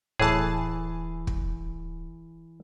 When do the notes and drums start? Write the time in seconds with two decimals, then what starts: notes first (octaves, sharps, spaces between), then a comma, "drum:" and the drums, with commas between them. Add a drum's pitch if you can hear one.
0.20 D1 A2 E3 G#4 A5
1.27 drum: kick